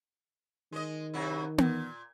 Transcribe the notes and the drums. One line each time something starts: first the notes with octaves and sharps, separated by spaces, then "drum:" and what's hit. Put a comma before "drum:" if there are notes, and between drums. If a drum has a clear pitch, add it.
D#3 G#3 D#5
C3 F#3 E4
A#2, drum: tom B3